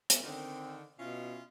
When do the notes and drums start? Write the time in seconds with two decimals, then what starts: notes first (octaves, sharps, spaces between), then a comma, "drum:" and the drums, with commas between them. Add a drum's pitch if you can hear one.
0.10 drum: hi-hat
0.23 D3 D#3 C4
0.99 B2 C#4 E4 F4